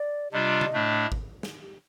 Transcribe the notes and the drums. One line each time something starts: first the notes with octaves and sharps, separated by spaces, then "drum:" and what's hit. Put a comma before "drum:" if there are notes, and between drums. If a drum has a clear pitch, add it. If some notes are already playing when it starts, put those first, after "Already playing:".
Already playing: D5
C3 G3 D4 F4 D#5
drum: tom C3
A2 A3 D4
drum: kick G#1
drum: snare